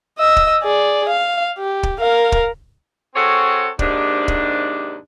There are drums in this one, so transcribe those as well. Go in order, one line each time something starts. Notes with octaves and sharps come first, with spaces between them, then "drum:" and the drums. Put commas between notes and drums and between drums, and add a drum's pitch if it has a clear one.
D#5 E6
drum: kick
G#4 D5
F5
G4
drum: kick
A#4 F5
drum: kick
C4 F#4 G#4 A4 C#5
D#2 G#2 C3 D4, drum: kick
drum: kick